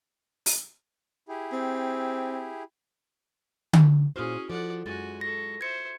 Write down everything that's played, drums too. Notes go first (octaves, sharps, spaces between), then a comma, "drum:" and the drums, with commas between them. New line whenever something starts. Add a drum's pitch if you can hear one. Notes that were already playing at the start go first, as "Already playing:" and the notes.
drum: open hi-hat
E4 G4 G#4
C4
drum: tom D3
A#2 C#4 E4 F#4 G#4 C5 F6
F3 F4 A4 D5 F#5
F#2 G#3 F#4 G#5 A6
A4 C#6 A#6
C5 E5 G#6 C#7